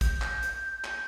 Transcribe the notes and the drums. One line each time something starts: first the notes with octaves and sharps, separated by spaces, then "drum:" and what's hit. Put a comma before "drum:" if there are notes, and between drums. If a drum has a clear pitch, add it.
G6, drum: kick, hi-hat
drum: clap
drum: hi-hat
G6, drum: clap